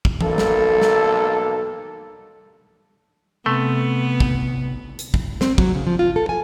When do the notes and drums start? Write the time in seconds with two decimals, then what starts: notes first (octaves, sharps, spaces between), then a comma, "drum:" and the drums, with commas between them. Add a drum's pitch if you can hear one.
0.05 drum: kick
0.21 B1 A#3 A4, drum: tom E3
0.38 drum: snare
0.81 drum: snare
3.46 C3 A3 B3 C6
4.20 drum: kick
4.99 drum: hi-hat
5.14 drum: kick
5.41 C4, drum: snare
5.58 F#3, drum: kick
5.75 C#3
5.87 F3
5.99 F4
6.16 A4
6.29 G#5